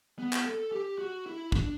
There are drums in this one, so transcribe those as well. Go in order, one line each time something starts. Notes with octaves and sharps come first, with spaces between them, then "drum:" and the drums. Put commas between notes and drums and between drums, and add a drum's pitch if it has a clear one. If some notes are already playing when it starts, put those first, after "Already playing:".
B3
drum: clap
A4
G4
F#4
E4
D4, drum: kick